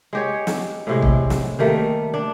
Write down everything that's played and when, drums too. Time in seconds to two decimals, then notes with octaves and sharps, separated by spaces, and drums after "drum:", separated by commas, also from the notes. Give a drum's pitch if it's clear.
0.13 G#3 G4 C#5
0.47 drum: snare
0.87 A2 C3 G#3
1.02 drum: kick
1.30 drum: snare
1.59 D#3 G3 A3 A#3
2.14 D4